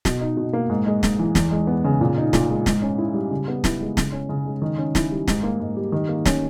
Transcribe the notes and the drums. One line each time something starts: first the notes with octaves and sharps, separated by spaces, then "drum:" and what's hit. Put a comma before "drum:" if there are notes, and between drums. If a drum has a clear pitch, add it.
B2, drum: snare
D#4
B2
A#3
G#2
G#3
G#2, drum: snare
E3
E2, drum: snare
G#3
B3
C#3
A#2
D#4
A#2, drum: snare
G#3
G#2, drum: snare
C#4
E4
G3
C#3
B3
E4, drum: snare
G#3
C#3, drum: snare
C#4
C#3
G#3
D#3
C#4
E4, drum: snare
G3
G#2, drum: snare
A#3
G#2
G3
D#3
A#3
C#4, drum: snare